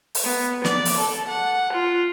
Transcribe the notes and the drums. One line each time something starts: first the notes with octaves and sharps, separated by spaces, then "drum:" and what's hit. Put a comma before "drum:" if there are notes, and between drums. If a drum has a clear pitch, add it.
drum: open hi-hat
B3
D5, drum: snare
drum: open hi-hat
A4
F#5
F4